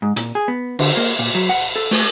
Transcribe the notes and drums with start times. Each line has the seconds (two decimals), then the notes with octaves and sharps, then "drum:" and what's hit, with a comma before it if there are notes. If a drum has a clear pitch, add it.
0.02 G#2
0.16 A#2, drum: hi-hat
0.35 G#4
0.48 B3
0.79 D3, drum: cymbal
0.97 A#3
1.19 A#2
1.35 F#3
1.49 F#5
1.76 A4
1.91 A3, drum: open hi-hat